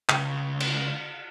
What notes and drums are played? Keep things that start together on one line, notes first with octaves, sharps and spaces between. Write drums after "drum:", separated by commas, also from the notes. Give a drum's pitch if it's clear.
C#2 C#3, drum: clap
drum: cymbal